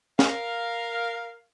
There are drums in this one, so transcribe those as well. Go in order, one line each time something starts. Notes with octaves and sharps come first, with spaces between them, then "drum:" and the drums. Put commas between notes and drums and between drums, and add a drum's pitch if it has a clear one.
A#4 F5, drum: snare